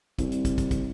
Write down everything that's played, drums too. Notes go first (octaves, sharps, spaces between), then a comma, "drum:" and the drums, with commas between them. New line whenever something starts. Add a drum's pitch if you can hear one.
C2, drum: kick, hi-hat
drum: hi-hat
drum: kick, hi-hat
drum: kick, hi-hat
drum: kick, hi-hat